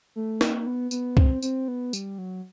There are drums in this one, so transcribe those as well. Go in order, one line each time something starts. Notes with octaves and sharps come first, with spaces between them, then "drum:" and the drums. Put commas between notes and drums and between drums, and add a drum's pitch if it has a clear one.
A3
A#3, drum: snare
B3
B3, drum: tambourine
C4, drum: kick
C4, drum: tambourine
B3
G3, drum: tambourine
F#3